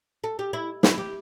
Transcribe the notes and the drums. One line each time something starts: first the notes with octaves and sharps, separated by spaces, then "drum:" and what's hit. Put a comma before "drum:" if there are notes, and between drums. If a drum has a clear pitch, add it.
A4
G4
E4
E4, drum: snare
G4